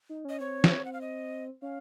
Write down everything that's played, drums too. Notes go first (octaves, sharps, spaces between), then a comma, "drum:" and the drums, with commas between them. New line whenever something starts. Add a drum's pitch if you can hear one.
D#4
C#4 D#5
C4 C#5
drum: snare
F#5
F5
D#5
C#4 F5